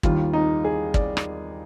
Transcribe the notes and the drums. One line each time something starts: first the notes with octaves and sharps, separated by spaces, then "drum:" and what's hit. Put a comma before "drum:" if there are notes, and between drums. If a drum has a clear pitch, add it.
D#2 D#3 G3 F4, drum: kick
D#4
G#4
D5, drum: kick
drum: rim click